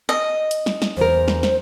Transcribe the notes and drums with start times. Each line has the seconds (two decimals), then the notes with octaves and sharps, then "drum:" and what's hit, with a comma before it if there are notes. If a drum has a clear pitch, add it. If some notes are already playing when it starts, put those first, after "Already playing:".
0.09 D#5
0.51 drum: hi-hat
0.66 drum: snare
0.82 drum: snare
0.97 E2 A#4 C5
1.28 drum: snare
1.43 drum: snare